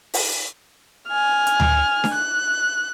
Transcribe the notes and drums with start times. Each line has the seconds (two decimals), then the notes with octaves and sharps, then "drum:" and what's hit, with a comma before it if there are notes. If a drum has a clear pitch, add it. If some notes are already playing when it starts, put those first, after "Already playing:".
0.14 drum: open hi-hat
1.08 G#5 F6
1.47 drum: hi-hat
1.60 drum: tom D2
2.04 drum: snare D4
2.13 F#6